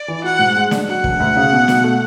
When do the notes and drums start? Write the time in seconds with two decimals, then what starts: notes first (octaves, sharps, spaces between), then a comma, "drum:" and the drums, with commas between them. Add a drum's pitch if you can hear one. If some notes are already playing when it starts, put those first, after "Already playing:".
Already playing: D5
0.08 E3
0.24 F#4 F#5
0.39 G#2
0.56 G#3
0.71 D4, drum: snare
0.88 F#3 F#5
1.04 E1, drum: kick
1.20 D2
1.36 C#3
1.53 B2
1.68 B2, drum: snare
1.84 A3